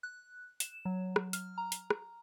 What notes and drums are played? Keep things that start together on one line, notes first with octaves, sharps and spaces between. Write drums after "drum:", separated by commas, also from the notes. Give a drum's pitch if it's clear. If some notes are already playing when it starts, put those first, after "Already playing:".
F#6
E7, drum: hi-hat
F#3
drum: rim click
F6, drum: hi-hat
A#5
drum: hi-hat
drum: rim click